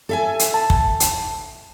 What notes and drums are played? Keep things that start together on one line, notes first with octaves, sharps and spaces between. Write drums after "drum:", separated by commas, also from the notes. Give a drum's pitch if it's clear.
A4 E5 G#5
drum: hi-hat
A5
drum: kick
drum: hi-hat